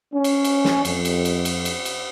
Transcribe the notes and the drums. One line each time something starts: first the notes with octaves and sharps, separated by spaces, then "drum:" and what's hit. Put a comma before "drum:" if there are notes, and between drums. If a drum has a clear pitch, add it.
C#4
drum: cymbal
drum: cymbal
drum: snare
F2, drum: cymbal
drum: cymbal
drum: cymbal
drum: cymbal
drum: cymbal
drum: cymbal